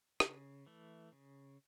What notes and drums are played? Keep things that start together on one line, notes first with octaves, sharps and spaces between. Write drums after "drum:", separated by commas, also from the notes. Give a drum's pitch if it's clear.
C#3, drum: rim click
E3 A3
C#3